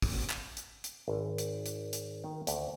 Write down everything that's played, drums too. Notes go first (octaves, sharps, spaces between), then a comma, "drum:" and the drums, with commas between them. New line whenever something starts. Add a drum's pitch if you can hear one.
drum: kick, open hi-hat
drum: clap
drum: hi-hat
drum: hi-hat
G#1
drum: hi-hat
drum: hi-hat
drum: hi-hat
D#3
D2, drum: hi-hat